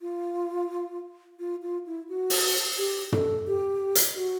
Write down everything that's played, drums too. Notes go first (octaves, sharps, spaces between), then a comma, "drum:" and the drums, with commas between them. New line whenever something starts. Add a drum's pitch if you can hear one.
F4
F4
F4
E4
F#4
drum: open hi-hat
G4
A4, drum: tom
G4
drum: hi-hat
F#4